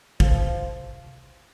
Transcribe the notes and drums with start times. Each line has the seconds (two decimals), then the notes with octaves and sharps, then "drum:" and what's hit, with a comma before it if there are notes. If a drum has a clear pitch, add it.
0.20 F3, drum: kick